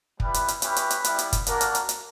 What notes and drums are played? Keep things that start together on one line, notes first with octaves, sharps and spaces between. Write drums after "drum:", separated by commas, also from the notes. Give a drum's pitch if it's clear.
G3 B3 E4 B4, drum: kick
drum: hi-hat
drum: hi-hat
C#4 E4 G4 B4, drum: hi-hat
drum: hi-hat
drum: hi-hat
G3 B3 E4, drum: hi-hat
drum: hi-hat
drum: kick, hi-hat
A#3 D4 F#4 A#4, drum: hi-hat
drum: hi-hat
drum: hi-hat
drum: hi-hat